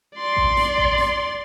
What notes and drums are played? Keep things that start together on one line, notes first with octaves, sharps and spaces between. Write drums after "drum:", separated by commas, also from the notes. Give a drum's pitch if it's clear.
D5 C6
drum: kick A1
drum: snare
drum: kick A1
drum: snare